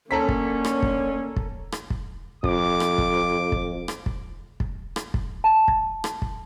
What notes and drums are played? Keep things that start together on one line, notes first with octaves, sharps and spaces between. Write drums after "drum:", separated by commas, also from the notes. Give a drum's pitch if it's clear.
D3 A#3 C#4 A4 A#5 B6
drum: kick
drum: rim click
drum: kick
drum: kick
drum: rim click
drum: kick
F2 D6, drum: kick
drum: rim click
drum: kick
drum: kick
drum: rim click
drum: kick
drum: kick
drum: rim click
drum: kick
A5
drum: kick
drum: rim click
drum: kick